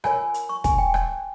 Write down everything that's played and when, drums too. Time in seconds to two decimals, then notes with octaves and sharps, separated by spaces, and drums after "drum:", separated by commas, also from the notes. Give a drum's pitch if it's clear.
0.04 F4 A#4 C#5 G#5, drum: rim click
0.34 drum: hi-hat
0.49 C#6
0.64 G#5, drum: kick, hi-hat
0.78 G5
0.94 drum: rim click